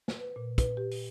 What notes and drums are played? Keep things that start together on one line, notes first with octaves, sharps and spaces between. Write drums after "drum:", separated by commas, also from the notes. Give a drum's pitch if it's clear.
drum: snare
B4
A#2
B4, drum: kick, hi-hat
G4
drum: open hi-hat